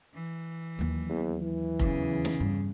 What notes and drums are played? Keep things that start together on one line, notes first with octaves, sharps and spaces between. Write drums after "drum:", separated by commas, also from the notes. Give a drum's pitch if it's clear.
E3
D#2 F#3
E2
E3
E2 C#3, drum: kick F1
drum: snare
G2